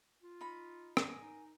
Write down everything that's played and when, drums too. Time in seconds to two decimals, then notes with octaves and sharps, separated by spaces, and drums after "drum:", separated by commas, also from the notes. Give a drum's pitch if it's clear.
0.22 F4
0.41 D#4 B5
0.97 A#4 G#5 D#6, drum: rim click
1.20 D#4